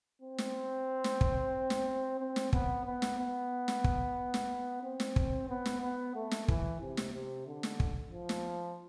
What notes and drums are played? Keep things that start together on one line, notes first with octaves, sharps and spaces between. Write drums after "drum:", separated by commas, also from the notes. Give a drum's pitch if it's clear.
C4
drum: snare
drum: snare
drum: kick
drum: snare
C4
drum: snare
B3, drum: kick
B3
drum: snare
B3
drum: snare
drum: kick
drum: snare
C4
drum: snare
drum: kick
B3
drum: snare
B3
A3
drum: snare
E3, drum: kick
C3
drum: snare
C3
D3
drum: snare
drum: kick
F3
drum: snare